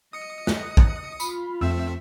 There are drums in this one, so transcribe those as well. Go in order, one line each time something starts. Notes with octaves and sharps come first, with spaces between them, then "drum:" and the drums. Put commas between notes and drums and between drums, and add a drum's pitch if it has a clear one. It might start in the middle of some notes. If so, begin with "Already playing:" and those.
D#5 D#6 C#7
F#6, drum: snare
drum: kick
F4 B5, drum: tambourine
F2 A3 C4 E5 E6